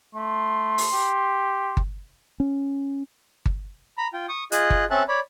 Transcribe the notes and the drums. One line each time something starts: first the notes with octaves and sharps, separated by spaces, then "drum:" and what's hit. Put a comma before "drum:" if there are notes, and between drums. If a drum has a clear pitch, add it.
A3 C6
drum: open hi-hat
G4
drum: kick G1
C#4
drum: kick G1
A#5 B5
F4 G5
C#6 D#6
F4 G#4 D#5 F#6, drum: hi-hat
drum: kick G1
C4 C#4 A4 E5 A5 F#6
C#5 D5 B5